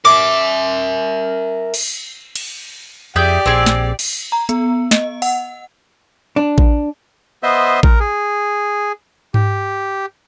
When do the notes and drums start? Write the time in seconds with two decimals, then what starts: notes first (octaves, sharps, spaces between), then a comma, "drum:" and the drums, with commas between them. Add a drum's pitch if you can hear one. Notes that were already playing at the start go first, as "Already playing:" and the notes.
0.05 A#4 E5 D6
1.74 drum: cymbal
2.35 drum: cymbal
3.16 F2 G4 G#4 D5 E5 G6
3.46 A#1 C4 G#4
3.66 drum: snare
3.99 drum: cymbal
4.32 A#5
4.49 B3, drum: hi-hat
4.91 D#5, drum: snare
5.22 F#5, drum: open hi-hat
6.36 D4
6.58 drum: kick A1
7.43 B3 C5 D#5 E5 C6
7.83 A#4, drum: kick A1
8.00 G#4
9.34 G4, drum: tom G#2